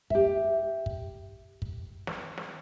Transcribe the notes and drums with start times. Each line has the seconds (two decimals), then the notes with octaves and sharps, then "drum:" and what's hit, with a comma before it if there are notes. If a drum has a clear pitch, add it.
0.10 G4 E5, drum: kick
0.86 drum: kick
1.62 drum: kick
2.07 drum: snare
2.37 drum: snare